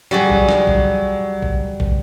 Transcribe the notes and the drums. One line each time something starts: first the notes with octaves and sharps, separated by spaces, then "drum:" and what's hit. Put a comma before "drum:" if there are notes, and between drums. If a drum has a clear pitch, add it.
F#3 G3 F#4 G#4
drum: kick
drum: snare
drum: kick
drum: kick
drum: kick